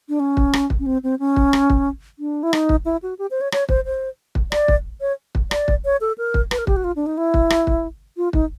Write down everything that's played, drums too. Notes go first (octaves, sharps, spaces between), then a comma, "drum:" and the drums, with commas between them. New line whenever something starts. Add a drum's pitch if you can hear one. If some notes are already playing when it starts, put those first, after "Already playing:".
D4
C#4
drum: kick
drum: rim click
drum: kick
C#4
C4
C4
C#4
drum: kick
drum: rim click
drum: kick
D4
E4
D#4, drum: rim click
drum: kick
E4
F#4
G4
C5
C#5
C#5, drum: rim click
C5, drum: kick
C5
drum: kick
D5, drum: rim click
drum: kick
C#5
drum: kick
D5, drum: rim click
drum: kick
C#5
A4
A#4
drum: kick
B4, drum: rim click
A#4
G4, drum: kick
F#4
F4
D4
D#4
E4
drum: kick
drum: rim click
drum: kick
F4
D#4, drum: kick